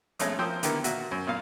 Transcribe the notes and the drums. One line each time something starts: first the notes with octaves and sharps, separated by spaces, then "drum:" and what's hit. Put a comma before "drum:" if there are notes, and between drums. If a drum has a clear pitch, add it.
B1 F2 G#3 A3 C#4 C#5, drum: hi-hat
F3 A#3 C5 G5 D#6 E6
D3 D#3 A#3 B3 E4 G4, drum: hi-hat
A#2 F#4 E5, drum: hi-hat
F#2
B1 A#2 F5